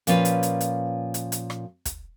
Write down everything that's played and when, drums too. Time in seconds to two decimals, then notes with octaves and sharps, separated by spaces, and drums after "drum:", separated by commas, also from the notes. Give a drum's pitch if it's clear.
0.07 A#2 F3 C#4 F4 B4, drum: hi-hat
0.25 drum: hi-hat
0.43 drum: hi-hat
0.61 drum: hi-hat
1.14 drum: hi-hat
1.32 drum: hi-hat
1.50 drum: rim click
1.85 drum: kick, hi-hat